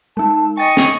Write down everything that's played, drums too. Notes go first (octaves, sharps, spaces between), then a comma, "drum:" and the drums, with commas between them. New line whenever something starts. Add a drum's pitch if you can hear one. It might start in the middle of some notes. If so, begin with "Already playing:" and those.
G#3 D#4 A5
D#5 G5 G#5 C#6 A6
drum: snare